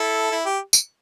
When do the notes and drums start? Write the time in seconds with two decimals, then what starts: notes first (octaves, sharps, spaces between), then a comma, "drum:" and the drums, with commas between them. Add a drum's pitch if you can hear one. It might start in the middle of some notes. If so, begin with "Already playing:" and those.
Already playing: E4 A4
0.31 E4
0.45 G4
0.73 drum: tambourine